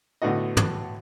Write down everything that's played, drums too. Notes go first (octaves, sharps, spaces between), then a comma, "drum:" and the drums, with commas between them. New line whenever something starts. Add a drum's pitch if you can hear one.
A2 D3 B3 F#4 D#5
drum: tom